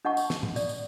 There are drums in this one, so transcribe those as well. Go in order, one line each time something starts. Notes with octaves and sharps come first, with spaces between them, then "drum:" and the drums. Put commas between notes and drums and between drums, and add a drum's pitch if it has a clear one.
D4 D#5 F#5 A5 C#6
drum: tambourine
drum: snare
drum: tom A2
D5, drum: tambourine
drum: tambourine